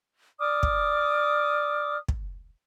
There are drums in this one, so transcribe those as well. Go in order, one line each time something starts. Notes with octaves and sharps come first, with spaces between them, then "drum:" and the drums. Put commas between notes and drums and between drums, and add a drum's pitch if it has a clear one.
D5 D6 D#6 F6
drum: kick
drum: kick